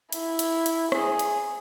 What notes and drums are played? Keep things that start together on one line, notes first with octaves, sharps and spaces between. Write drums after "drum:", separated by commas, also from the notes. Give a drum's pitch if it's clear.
E4, drum: hi-hat
drum: hi-hat
drum: hi-hat
G#4, drum: rim click
drum: hi-hat